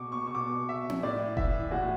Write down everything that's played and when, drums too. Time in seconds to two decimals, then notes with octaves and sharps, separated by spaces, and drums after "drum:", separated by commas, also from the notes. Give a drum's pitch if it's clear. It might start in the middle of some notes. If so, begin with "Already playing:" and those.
Already playing: B2 C#6 D6
0.12 C#6
0.27 C#6
0.35 B2 D6
0.69 E5
0.90 drum: tom C4
1.03 A2 D5
1.37 E3 E5, drum: kick F1
1.71 A2 F#4